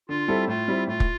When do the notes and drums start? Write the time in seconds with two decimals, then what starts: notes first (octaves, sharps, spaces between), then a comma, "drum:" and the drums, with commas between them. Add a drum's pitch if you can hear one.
0.09 D3 F4
0.28 G3 C4 E4 A4
0.48 A2 F4
0.68 G3 C4 E4
0.87 A2 F4
1.00 drum: kick